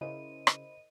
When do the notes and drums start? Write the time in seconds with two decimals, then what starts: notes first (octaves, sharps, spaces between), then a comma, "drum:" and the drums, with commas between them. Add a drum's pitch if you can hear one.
0.01 C#3 E4 A#4 C5 D#5 D#7
0.47 drum: rim click